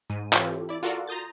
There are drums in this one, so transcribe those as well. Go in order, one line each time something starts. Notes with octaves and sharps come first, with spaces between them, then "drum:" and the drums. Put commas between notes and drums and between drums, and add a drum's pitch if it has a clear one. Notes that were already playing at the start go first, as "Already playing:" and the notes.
G#2 D#7
E3 C4 F4 G4 A4 C#5, drum: clap
E4 D5
F4 F#4 A4 A#4 D5
A#5 C6 D#6 G6 A6